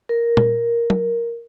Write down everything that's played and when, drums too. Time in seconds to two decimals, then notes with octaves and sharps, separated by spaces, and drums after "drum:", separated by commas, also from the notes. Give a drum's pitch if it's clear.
0.09 A#4
0.37 drum: tom A#2
0.90 drum: tom